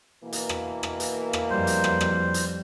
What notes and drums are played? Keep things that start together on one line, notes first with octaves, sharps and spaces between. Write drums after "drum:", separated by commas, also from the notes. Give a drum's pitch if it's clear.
B2 E3 A#3
drum: hi-hat
drum: rim click
drum: rim click
drum: hi-hat
drum: rim click
F2 G3 C5
drum: hi-hat
drum: rim click
drum: rim click
drum: hi-hat